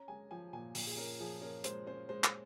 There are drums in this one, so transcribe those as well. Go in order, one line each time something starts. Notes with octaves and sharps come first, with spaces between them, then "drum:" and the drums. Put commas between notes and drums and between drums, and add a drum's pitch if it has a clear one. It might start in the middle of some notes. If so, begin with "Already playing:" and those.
Already playing: C#4 A#5
G#3 G#5
F3 G#5
A#2 G#5
A#2, drum: open hi-hat
G#4
C#4 A#4
F3 G#4
C#4 A#4
G#3 C5, drum: hi-hat
C#4 C5
G#3 C5
drum: clap